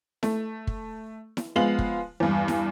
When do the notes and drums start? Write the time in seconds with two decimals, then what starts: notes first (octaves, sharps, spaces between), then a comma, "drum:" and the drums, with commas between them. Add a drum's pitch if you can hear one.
0.23 A3, drum: snare E4
0.67 drum: kick
1.37 drum: snare E4
1.56 F3 G#3 B3 F5 F#7
1.79 drum: kick
2.20 E2 G2
2.48 drum: snare E4